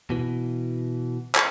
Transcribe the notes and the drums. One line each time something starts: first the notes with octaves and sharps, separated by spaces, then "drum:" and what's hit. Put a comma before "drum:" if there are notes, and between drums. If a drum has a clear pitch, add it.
B2 E3
drum: clap